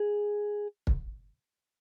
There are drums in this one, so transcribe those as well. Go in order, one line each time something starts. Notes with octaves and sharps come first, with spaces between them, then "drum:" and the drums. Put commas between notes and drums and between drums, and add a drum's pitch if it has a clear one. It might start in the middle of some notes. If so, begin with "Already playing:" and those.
Already playing: G#4
drum: kick